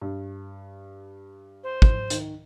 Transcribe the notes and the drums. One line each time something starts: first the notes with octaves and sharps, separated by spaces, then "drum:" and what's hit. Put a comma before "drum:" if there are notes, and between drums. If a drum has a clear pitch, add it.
G2
C5
drum: kick
D#3, drum: hi-hat